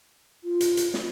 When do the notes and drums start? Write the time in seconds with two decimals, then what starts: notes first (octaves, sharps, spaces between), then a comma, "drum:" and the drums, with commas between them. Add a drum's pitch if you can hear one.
0.44 F4
0.61 drum: hi-hat
0.77 drum: hi-hat
0.94 drum: snare